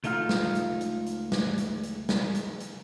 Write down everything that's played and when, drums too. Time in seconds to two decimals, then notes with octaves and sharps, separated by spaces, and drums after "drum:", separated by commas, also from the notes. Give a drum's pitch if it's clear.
0.04 C#2 A3 D#4 F4 F5, drum: hi-hat
0.29 drum: snare
0.55 drum: hi-hat
0.81 drum: hi-hat
1.06 drum: hi-hat
1.32 drum: snare
1.58 drum: hi-hat
1.83 drum: hi-hat
2.09 drum: snare
2.34 drum: hi-hat
2.60 drum: hi-hat